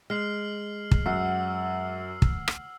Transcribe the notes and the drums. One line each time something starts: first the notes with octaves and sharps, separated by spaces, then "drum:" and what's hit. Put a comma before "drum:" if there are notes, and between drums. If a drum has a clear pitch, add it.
G#3 F6 C7 F#7
drum: kick
F#2 F#5 E6 C7
drum: kick
drum: rim click